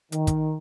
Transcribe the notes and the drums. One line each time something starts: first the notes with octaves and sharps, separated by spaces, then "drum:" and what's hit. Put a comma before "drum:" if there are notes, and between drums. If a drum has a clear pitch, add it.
D#3, drum: hi-hat
drum: kick, hi-hat